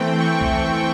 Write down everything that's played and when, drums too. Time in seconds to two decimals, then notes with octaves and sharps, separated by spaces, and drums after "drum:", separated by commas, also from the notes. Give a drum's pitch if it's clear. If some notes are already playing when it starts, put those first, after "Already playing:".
Already playing: E3 A3 C4 G5
0.20 C#6
0.41 drum: kick B1